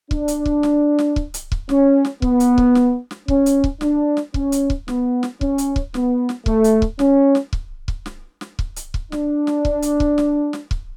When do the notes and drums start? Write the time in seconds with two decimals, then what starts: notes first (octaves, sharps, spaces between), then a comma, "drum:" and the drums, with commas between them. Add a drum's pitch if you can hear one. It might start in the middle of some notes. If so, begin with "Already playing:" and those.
0.11 D4, drum: kick
0.28 drum: hi-hat
0.46 drum: kick
0.63 drum: snare
0.99 drum: snare
1.16 drum: kick
1.34 drum: hi-hat
1.52 drum: kick
1.69 C#4, drum: snare
2.05 drum: snare
2.22 B3, drum: kick
2.40 drum: hi-hat
2.58 drum: kick
2.75 drum: snare
3.11 drum: snare
3.28 C#4, drum: kick
3.46 drum: hi-hat
3.64 drum: kick
3.81 D4, drum: snare
4.17 drum: snare
4.34 C#4, drum: kick
4.52 drum: hi-hat
4.70 drum: kick
4.88 B3, drum: snare
5.23 drum: snare
5.41 C#4, drum: kick
5.58 drum: hi-hat
5.76 drum: kick
5.94 B3, drum: snare
6.29 drum: snare
6.46 A3, drum: kick
6.64 drum: hi-hat
6.82 drum: kick
6.99 C#4, drum: snare
7.35 drum: snare
7.53 drum: kick
7.88 drum: kick
8.06 drum: snare
8.41 drum: snare
8.59 drum: kick
8.76 drum: hi-hat
8.94 drum: kick
9.12 D4, drum: snare
9.47 drum: snare
9.65 drum: kick
9.82 drum: hi-hat
10.00 drum: kick
10.18 drum: snare
10.53 drum: snare
10.71 drum: kick